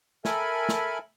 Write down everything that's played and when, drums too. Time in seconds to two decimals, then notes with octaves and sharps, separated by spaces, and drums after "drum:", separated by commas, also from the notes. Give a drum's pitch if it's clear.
0.25 A4 A#4 E5 G#5 B5, drum: snare
0.69 drum: snare